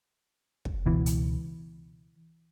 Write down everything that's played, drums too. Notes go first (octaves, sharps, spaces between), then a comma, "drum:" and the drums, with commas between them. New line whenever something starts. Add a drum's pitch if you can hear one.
drum: kick
C#2 B2 E3
drum: hi-hat